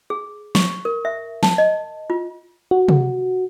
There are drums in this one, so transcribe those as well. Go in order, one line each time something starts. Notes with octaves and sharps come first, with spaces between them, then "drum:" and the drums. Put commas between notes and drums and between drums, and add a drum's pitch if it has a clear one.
G#4
C#6, drum: snare
A#4
E5
A5, drum: snare
D#5
F4
F#4
drum: tom C3